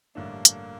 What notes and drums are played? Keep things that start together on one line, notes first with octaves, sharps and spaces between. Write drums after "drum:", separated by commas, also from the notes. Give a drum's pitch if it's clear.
A1 G2 D3 A3 A#3 D4
drum: hi-hat